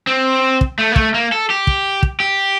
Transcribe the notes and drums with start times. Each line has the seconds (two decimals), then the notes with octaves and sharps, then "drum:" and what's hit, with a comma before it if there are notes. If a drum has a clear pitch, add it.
0.07 C4
0.61 drum: kick
0.79 A3
0.92 A#3
0.96 A3, drum: kick
1.14 A#3
1.32 A4
1.50 G4
1.67 drum: kick
2.03 drum: kick
2.20 G4